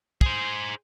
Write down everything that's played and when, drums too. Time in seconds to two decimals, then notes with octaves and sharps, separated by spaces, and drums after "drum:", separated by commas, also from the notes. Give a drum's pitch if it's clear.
0.21 G#4 C5, drum: kick